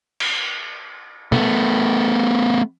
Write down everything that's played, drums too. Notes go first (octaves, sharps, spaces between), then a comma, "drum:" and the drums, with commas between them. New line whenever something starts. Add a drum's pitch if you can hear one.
drum: cymbal
A3 B3, drum: tom